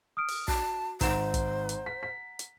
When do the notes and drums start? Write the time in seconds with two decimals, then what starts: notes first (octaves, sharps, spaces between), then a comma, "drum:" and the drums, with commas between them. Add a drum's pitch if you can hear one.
0.17 D#6 F6 D7
0.28 drum: open hi-hat
0.48 F#4 A5, drum: kick
1.01 G#1 D#4 C5 F#5 A#5 E7, drum: kick, hi-hat
1.34 drum: kick, hi-hat
1.69 drum: hi-hat
1.86 B6
2.03 B6
2.39 drum: hi-hat